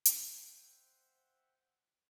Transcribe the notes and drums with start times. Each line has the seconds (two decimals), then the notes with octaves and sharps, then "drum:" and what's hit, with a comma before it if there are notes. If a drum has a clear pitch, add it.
0.05 drum: hi-hat
0.16 C5 E5 F#5 G5